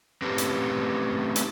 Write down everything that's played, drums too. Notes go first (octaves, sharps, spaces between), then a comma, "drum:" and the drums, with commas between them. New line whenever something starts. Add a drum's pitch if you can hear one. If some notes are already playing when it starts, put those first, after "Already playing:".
A3 C4 C#4 G4 B4
drum: hi-hat
drum: hi-hat